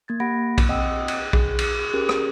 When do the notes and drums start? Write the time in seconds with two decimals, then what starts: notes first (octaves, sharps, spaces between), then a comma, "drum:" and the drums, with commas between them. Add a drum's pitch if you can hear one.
0.08 A#3 G#6 A6
0.20 A#3 G4 F#5 B5 A#6 D7
0.58 drum: kick A#1, cymbal
0.69 C4 D#5 F#5 G5 D#6 E6
1.08 drum: cymbal
1.33 G#4, drum: kick A#1
1.58 drum: cymbal
1.94 C#4 G4 G#4 A#4
2.09 drum: rim click